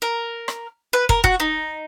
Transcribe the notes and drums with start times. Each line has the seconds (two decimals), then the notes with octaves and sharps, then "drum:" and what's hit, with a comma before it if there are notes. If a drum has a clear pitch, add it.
0.02 A#4
0.48 drum: rim click
0.93 B4
1.09 A#4, drum: kick
1.24 F#4, drum: kick
1.40 D#4